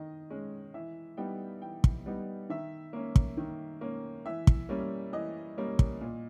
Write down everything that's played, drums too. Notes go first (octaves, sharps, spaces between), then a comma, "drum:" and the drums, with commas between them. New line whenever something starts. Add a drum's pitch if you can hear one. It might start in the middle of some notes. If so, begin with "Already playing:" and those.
Already playing: D#3 D#5
G#3 C#4
E3 E5
G3 B3 D#4 G5
E3 G5
drum: kick
G3 B3 D#4
D#3 E5
A#3 C#4
drum: kick
D#3
A#3 C#4
E3 E5
drum: kick
G3 A#3 C#4
E3 D#5
G3 A#3 C#4
drum: kick
A#2